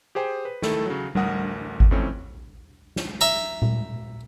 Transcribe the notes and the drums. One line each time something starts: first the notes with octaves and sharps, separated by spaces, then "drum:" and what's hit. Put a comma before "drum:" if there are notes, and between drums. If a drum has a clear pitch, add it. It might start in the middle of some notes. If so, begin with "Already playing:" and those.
G4 G#4 C5 G5 G#5
B4
D#3 A3 E4 A4, drum: snare
C#3 F#3
A1 D2 A#4 F#5 D#6, drum: tom G3
drum: kick G#1
F2 E3 A3 C4 C#4
drum: snare
E5 A#5
drum: tom A#2